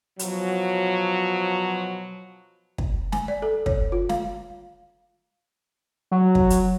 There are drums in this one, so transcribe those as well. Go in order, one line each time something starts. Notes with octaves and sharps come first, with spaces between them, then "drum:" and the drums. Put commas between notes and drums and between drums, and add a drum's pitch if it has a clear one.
B2 F3 F#3, drum: hi-hat
drum: kick
G#5, drum: snare
D5
A4
C#5, drum: kick
F4
F5, drum: snare
F#3
drum: kick
drum: hi-hat